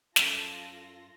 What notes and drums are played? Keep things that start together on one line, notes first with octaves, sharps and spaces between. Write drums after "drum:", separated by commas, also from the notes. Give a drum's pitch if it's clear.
F#2 F4 A4 A#6, drum: snare